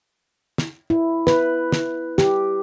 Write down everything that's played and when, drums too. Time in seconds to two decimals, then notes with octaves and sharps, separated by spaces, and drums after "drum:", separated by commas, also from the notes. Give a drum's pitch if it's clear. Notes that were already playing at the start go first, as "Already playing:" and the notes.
0.58 drum: snare
0.90 E4
1.27 B4, drum: snare
1.72 drum: snare
2.18 G4, drum: snare